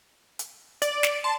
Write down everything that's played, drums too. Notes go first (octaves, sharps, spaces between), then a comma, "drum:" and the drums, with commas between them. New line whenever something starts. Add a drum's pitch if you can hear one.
drum: hi-hat
D5, drum: hi-hat
drum: snare
A5 C6